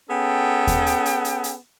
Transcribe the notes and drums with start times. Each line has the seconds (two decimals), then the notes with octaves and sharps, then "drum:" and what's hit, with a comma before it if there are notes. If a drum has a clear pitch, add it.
0.10 B3 C#4 G#4 A4 G5
0.67 drum: kick D#2, hi-hat
0.86 drum: hi-hat
1.05 drum: hi-hat
1.25 drum: hi-hat
1.44 drum: hi-hat